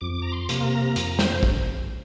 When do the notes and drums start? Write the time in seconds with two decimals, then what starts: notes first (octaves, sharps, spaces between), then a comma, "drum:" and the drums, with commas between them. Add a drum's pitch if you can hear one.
0.01 F2 D6
0.22 A#5
0.32 C6
0.49 C3 A#3, drum: hi-hat
0.64 A#5
0.96 F2 A#5, drum: hi-hat
1.19 C5, drum: snare
1.43 drum: kick